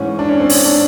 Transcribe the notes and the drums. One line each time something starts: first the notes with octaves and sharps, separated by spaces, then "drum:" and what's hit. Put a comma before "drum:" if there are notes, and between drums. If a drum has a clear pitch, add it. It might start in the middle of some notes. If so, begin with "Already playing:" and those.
Already playing: G#2 E3 C#4
D4
C#4
C4
C#4, drum: open hi-hat
D4